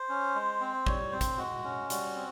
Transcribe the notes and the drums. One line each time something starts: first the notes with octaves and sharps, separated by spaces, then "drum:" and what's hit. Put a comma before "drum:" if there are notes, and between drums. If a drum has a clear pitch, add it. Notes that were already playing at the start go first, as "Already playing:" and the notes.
Already playing: C5
C#4
G#3
C4
G3 C#5, drum: kick
C4 C5
drum: kick, hi-hat
G#3 F#4
C#4
G3 F#4, drum: hi-hat
C4